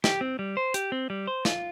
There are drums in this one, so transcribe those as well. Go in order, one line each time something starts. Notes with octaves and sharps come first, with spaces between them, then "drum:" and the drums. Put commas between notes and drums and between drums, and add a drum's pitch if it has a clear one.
G4, drum: snare
C4
G3
C5
G4, drum: hi-hat
C4
G3
C5
F4, drum: snare